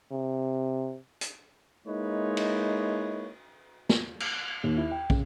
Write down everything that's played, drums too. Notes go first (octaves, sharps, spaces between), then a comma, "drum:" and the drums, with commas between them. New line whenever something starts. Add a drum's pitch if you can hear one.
C3
drum: hi-hat
G#3 A#3 D#4 E4 B4 C#5
drum: cymbal
drum: snare
drum: cymbal
D#2
E4
G5
C#3, drum: kick